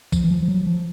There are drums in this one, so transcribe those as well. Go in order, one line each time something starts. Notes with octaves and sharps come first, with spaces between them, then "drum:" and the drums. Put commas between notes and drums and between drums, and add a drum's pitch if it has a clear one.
F3, drum: kick B1, tambourine
E3
F3
F3
F#3
F3